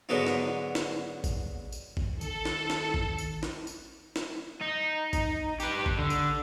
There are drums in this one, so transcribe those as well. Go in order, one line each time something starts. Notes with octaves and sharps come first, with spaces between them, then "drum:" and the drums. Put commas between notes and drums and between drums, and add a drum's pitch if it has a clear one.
G#2 D3 F#3 B3 D#4
drum: snare
drum: snare
drum: kick A1, tambourine
drum: tambourine
drum: kick A1
D#3 A4, drum: tambourine
drum: snare
drum: snare
drum: kick A1
drum: tambourine
drum: snare
drum: tambourine
drum: snare
D#4
drum: kick A1, tambourine
G4 B4, drum: tambourine
drum: kick A1
D3
drum: tambourine